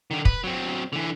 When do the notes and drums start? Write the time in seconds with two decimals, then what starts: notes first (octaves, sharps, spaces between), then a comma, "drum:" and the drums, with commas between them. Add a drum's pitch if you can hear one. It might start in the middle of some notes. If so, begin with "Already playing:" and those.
0.11 D3 D#3
0.25 B4, drum: kick
0.44 F#3 C4
0.93 D3 E3